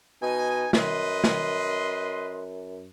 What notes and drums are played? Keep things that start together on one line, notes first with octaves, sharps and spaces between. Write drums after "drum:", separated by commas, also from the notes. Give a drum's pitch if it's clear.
B2 D#4 D#5 G#5
F#2 B4 D#5 C6, drum: snare
drum: snare